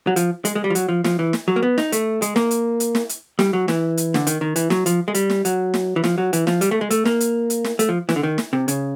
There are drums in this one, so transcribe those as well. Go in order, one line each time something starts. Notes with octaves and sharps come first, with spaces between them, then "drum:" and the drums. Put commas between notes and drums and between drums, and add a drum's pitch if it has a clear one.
F#3
F3, drum: hi-hat
G#3, drum: hi-hat
G#3
G3
F3
F#3, drum: hi-hat
F3
F3, drum: snare
E3
drum: snare
F#3
A#3
B3
D#4, drum: snare
A3, drum: hi-hat
G#3, drum: hi-hat
A#3, drum: snare
drum: hi-hat
drum: hi-hat
drum: snare
drum: hi-hat
G3, drum: snare
F#3
E3, drum: snare
drum: hi-hat
D3, drum: snare
D#3, drum: hi-hat
D#3
E3, drum: hi-hat
F#3, drum: snare
F3, drum: hi-hat
G#3
G3, drum: hi-hat
drum: snare
F#3, drum: hi-hat
drum: snare
E3
F3, drum: snare
F#3
E3, drum: hi-hat
F3, drum: snare
G3, drum: hi-hat
A3
G#3
A3, drum: hi-hat
A#3, drum: snare
drum: hi-hat
drum: hi-hat
drum: snare
A3, drum: hi-hat
F3
E3, drum: snare
D3
D#3
drum: snare
C3
C#3, drum: hi-hat